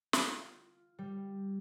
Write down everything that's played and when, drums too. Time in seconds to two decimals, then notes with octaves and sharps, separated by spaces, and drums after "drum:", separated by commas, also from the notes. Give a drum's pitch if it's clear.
0.13 F4, drum: snare
0.99 G3